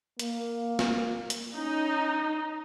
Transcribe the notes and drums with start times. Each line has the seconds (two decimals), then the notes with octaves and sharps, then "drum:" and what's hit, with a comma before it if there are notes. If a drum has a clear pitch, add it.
0.19 A#3, drum: hi-hat
0.79 drum: snare
1.30 drum: hi-hat
1.55 C#4 D#4